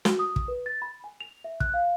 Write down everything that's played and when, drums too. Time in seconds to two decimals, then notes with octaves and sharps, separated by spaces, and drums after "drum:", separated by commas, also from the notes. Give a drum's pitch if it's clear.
0.05 F#4, drum: snare
0.19 D#6
0.36 drum: kick
0.48 B4
0.66 A6
0.82 B5
1.04 G#5
1.21 F7
1.44 E5
1.60 F#6, drum: kick
1.74 F5